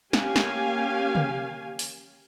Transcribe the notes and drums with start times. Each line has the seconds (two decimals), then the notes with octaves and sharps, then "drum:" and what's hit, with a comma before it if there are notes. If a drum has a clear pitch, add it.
0.13 A#3 C#4 G4 F5 G#5, drum: snare
0.36 drum: snare
1.15 drum: tom
1.79 drum: open hi-hat